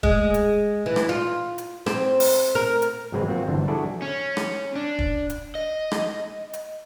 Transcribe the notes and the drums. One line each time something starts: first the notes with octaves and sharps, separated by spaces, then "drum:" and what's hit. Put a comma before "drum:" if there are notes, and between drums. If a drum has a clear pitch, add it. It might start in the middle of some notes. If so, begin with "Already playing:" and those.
G#3, drum: kick
drum: hi-hat
E3
drum: rim click
F4
drum: hi-hat
C4, drum: rim click
drum: open hi-hat
A#4
drum: hi-hat
G#1 C#3 F#3 G#3 C4 B4
A#3 C4 F4 F#4
G1 E3 D4 C5
D4 E4 F#4 G#4 A4 D5
C#4
drum: rim click
D4
drum: kick
drum: hi-hat
D#5
drum: rim click
drum: hi-hat